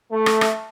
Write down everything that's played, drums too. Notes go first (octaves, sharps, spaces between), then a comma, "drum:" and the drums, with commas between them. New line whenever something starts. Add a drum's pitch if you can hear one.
A3
drum: rim click
drum: rim click